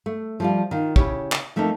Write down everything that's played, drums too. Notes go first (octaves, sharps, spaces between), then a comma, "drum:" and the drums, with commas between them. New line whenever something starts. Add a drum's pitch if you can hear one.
A3
F3 G3 F4
D#3 F4
C#3 E4 G4 C#5, drum: kick
drum: clap
F3 A3 A#3 C4 D#4